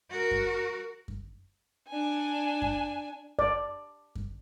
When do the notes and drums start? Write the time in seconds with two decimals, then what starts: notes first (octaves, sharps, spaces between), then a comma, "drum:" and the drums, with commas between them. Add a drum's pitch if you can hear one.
0.10 F#4 A#4
0.31 drum: kick F#2
1.08 drum: kick F#2
1.89 D4 G#5
2.62 drum: kick F#2
3.39 D5, drum: kick F#2
4.15 drum: kick F#2